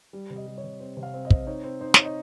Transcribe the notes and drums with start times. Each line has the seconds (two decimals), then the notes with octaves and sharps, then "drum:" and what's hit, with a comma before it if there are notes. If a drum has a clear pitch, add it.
0.13 G3
0.30 C3
0.36 D#5
0.47 G3
0.58 C#5
0.64 C3
0.80 C4 C5
0.97 C3
1.03 F5
1.14 C4
1.25 D#5
1.30 C4, drum: kick
1.47 D#4 C#5
1.64 C4
1.81 D#4 C5
1.94 D#4 C#5, drum: snare
2.04 D#5